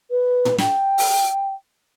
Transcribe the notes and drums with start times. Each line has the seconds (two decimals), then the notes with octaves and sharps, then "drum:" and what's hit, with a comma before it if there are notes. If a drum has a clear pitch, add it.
0.10 B4
0.45 drum: tom
0.58 G5, drum: snare
0.98 drum: open hi-hat